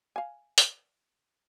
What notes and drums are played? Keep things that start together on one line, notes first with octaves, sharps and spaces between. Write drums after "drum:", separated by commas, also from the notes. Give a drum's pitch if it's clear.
F5 G#5
drum: hi-hat